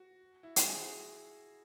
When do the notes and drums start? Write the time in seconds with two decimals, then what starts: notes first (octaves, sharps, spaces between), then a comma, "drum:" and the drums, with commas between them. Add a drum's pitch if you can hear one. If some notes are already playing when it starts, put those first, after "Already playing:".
Already playing: F#4
0.43 E4
0.56 F#4, drum: hi-hat
0.68 G#4